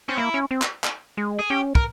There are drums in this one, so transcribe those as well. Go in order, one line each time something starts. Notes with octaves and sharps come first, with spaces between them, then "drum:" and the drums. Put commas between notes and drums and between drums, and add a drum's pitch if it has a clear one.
C4 C#4
A#3 E4
C#4
C4
drum: clap
drum: clap
G#3
G#4
C#4 G4
A#4, drum: kick